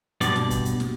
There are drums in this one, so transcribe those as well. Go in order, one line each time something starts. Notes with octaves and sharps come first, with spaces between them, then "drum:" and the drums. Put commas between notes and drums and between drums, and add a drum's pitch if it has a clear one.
G2 B2 D5, drum: hi-hat
drum: snare
drum: kick, hi-hat
drum: hi-hat
drum: snare